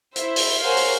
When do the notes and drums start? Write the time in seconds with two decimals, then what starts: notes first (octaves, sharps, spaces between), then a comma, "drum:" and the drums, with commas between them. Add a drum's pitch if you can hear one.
0.16 E4 C5 E5, drum: hi-hat
0.36 drum: open hi-hat
0.63 A#4 C5 C#5 F5 F#5 G#5
0.77 drum: open hi-hat